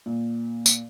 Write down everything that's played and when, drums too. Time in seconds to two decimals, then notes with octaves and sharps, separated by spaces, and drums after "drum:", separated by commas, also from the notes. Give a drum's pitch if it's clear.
0.06 A#2
0.66 drum: tambourine